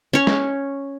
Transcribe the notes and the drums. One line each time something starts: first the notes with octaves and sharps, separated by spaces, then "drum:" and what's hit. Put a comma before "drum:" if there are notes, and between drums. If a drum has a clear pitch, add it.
C#4 C#5
drum: snare